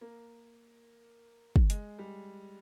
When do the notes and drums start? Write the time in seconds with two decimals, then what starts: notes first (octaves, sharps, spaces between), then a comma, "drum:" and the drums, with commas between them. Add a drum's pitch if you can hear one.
0.01 A#3
1.56 drum: kick
1.70 G#3, drum: hi-hat
1.99 G3